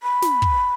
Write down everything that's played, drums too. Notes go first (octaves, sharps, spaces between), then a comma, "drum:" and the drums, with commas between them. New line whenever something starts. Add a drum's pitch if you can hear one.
B5
drum: snare
drum: kick